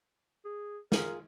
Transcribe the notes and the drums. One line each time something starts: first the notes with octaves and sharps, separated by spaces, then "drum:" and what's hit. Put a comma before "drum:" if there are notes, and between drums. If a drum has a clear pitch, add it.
G#4
F4 G#4 A#4, drum: snare